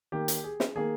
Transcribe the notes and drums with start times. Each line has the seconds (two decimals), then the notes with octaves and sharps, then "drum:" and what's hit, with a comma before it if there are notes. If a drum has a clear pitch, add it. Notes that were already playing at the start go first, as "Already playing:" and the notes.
0.12 D#3 A#3 G4
0.28 drum: hi-hat
0.44 G#4
0.60 drum: snare
0.75 D#3 A#3 G#4